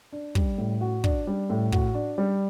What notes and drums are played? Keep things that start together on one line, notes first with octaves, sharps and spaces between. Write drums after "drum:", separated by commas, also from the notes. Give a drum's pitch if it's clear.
D4
G3, drum: kick
A2
F#4
D4, drum: kick
G3
A2
F#4, drum: kick
D4
G3